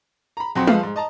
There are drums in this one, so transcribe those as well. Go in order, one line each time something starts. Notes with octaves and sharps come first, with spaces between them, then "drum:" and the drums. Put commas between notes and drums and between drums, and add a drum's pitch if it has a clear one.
A#5 B5
F2 F#3 C4 F#5 C6
F3 G#3 A3 A4 B4 F5, drum: tom G3
G#2
D#5 A5 A#5